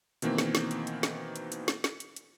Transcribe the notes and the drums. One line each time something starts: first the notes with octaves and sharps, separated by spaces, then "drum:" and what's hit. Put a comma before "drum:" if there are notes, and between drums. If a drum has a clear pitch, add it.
B2 D#3 E3 A#3 C4, drum: hi-hat
drum: snare
drum: snare
drum: hi-hat
drum: hi-hat
drum: snare
drum: hi-hat
drum: hi-hat
drum: snare
drum: snare
drum: hi-hat
drum: hi-hat